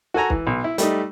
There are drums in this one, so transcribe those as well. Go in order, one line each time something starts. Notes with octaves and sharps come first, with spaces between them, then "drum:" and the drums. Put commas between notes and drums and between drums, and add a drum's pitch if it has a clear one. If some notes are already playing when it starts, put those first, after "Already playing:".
F#4 A4 G#5 A#5
E3, drum: kick B1
B1
E4
G3 A3 D#4, drum: hi-hat